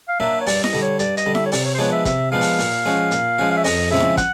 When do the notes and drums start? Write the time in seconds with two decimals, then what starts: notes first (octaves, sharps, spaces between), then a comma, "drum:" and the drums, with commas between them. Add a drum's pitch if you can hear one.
0.08 F5
0.20 F#3 A#3 D4 E5
0.41 C#5
0.47 G2 D5, drum: open hi-hat
0.64 D#5, drum: snare E4
0.73 D3 G3
0.82 C#5
0.99 G2 D5, drum: hi-hat
1.17 D#5, drum: hi-hat
1.26 D3 G3
1.35 E5, drum: snare E4
1.46 C#5
1.52 C3 D5, drum: open hi-hat
1.65 C#5
1.74 C5
1.78 F3 G#3 B3 D4 C#5
1.92 E5
2.05 C3 E5, drum: kick, hi-hat
2.32 F3 G#3 B3 D4 F5
2.41 drum: open hi-hat
2.59 A#2, drum: open hi-hat
2.85 F3 G#3 C#4 F#4
3.11 A#2, drum: hi-hat
3.38 F3 G#3 C#4 F#4
3.51 F5
3.57 E5
3.64 F2 D#5, drum: open hi-hat
3.91 C#3 F3 G#3 C4 E5
4.00 drum: snare E4
4.17 F#5, drum: kick, hi-hat